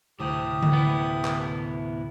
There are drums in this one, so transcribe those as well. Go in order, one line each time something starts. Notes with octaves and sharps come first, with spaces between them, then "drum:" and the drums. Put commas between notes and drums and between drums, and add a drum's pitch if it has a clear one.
D2 A2 C3 G4 D#6
drum: tom D3
B3 E4
drum: clap